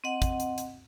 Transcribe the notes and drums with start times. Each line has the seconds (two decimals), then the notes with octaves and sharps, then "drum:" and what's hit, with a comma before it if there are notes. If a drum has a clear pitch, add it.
0.04 C4 D#5 F#5
0.22 drum: kick, hi-hat
0.40 drum: hi-hat
0.58 drum: hi-hat